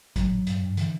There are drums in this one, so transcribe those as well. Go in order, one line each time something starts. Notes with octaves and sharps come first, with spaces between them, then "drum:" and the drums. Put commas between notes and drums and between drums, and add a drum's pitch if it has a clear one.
A1 F#3, drum: kick G#1, hi-hat
A1
G2, drum: hi-hat
G2
D3 E3, drum: hi-hat